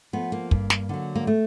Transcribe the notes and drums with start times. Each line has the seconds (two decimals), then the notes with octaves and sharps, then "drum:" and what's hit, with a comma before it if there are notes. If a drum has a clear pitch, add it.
0.13 F3 A3 B3
0.32 A#3
0.51 G2, drum: kick
0.70 drum: snare
0.89 D3 F#3
1.15 A#3
1.27 A3